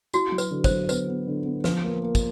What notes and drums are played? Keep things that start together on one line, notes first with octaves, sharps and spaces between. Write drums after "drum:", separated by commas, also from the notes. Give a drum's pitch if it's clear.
E4 F#4, drum: tambourine
F#3
B4, drum: tambourine
D3
C5, drum: kick, tambourine
F#3
B3 B4, drum: tambourine
B3
D3
B3
F3 B4, drum: snare
A#3
A#3
drum: kick, tambourine